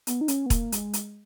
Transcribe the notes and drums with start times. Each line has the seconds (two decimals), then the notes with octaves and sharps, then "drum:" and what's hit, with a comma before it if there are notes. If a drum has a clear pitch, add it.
0.07 B3, drum: hi-hat
0.21 D#4
0.28 C#4, drum: hi-hat
0.46 B3
0.50 A#3, drum: kick E1, hi-hat
0.72 G#3, drum: hi-hat
0.93 drum: hi-hat